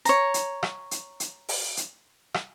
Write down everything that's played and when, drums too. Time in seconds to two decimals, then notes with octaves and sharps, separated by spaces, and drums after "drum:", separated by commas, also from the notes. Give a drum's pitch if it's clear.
0.05 C#5 A#5, drum: hi-hat
0.34 drum: hi-hat
0.63 drum: rim click
0.91 drum: hi-hat
1.20 drum: hi-hat
1.49 drum: open hi-hat
1.77 drum: hi-hat
2.34 drum: rim click